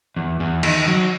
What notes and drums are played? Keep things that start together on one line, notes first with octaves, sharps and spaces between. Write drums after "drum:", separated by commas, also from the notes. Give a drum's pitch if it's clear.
E2
E2
D#3, drum: cymbal
F#3